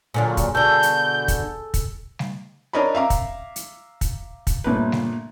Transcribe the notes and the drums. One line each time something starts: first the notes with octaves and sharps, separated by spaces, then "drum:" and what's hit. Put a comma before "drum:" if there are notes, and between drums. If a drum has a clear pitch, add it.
A#2 D3 F#3 G#4
drum: kick, hi-hat
B2 D3 A4 G6
drum: hi-hat
drum: kick, hi-hat
drum: kick, hi-hat
drum: snare G3
D4 A#4 C#5 D#5 A#5 B5
E5 F5 A#5 D6
drum: kick, hi-hat
drum: hi-hat
drum: kick, hi-hat
drum: kick, hi-hat
G1 A#2 A3 B4
drum: snare G3